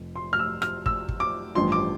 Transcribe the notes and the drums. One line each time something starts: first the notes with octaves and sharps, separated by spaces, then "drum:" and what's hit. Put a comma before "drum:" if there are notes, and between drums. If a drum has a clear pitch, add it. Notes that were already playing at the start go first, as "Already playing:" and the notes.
Already playing: F1 F2
C6
F6
E6
F6, drum: rim click
E6, drum: kick
drum: kick
D6
A1 G2 F3 C6
D6